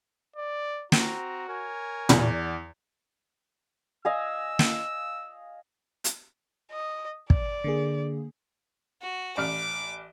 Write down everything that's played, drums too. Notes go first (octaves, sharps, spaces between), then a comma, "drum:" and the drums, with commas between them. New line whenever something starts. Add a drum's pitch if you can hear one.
D5
C4 F#4 A#5, drum: snare
A#4 C#5 G#5
E2 D5, drum: tom
D#5 F5 G#5 E6
drum: snare
drum: hi-hat
D#5
D5, drum: kick
D3 A#3 G#4
F#4
A1 D5 D6 F6